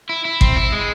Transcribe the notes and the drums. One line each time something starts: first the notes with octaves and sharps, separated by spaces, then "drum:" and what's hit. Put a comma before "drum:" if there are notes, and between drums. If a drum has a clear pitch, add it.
E4
E4
C4, drum: kick
E4
G#3